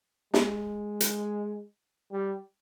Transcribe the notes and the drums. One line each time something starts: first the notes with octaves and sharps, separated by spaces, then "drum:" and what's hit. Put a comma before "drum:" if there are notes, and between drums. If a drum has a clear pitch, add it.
G#3, drum: snare
drum: hi-hat
G3